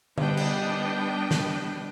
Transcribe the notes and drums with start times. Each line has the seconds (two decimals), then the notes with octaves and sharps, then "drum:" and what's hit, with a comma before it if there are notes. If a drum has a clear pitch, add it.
0.18 G3 B3 D4 D#5 G5, drum: tom D3
0.37 drum: cymbal
1.31 drum: snare